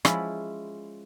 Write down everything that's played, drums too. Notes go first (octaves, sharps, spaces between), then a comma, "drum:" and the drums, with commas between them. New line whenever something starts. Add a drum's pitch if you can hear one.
F3 G#3 C#4 E4 B5, drum: rim click